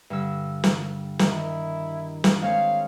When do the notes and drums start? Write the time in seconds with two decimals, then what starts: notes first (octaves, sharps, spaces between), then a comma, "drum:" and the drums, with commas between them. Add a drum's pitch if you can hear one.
0.10 G2 D3 E6
0.64 drum: snare
1.19 D#3 E4, drum: snare
2.24 drum: snare
2.42 G#3 C4 C#5 F5